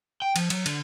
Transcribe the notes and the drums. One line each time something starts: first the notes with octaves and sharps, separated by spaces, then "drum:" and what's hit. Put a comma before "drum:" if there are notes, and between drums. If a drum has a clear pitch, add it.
G5
F3, drum: cymbal
F#3, drum: cymbal
D3, drum: cymbal